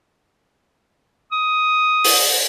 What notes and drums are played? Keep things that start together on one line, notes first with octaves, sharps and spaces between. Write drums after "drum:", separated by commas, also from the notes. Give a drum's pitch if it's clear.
D#6
drum: open hi-hat